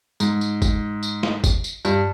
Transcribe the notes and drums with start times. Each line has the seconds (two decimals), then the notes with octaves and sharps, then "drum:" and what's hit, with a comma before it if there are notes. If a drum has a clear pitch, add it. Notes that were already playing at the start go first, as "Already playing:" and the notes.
0.20 G#2, drum: tambourine
0.41 drum: tambourine
0.62 drum: kick, tambourine
1.03 drum: tambourine
1.23 drum: snare
1.44 drum: kick, tambourine
1.64 drum: tambourine
1.85 G2, drum: tambourine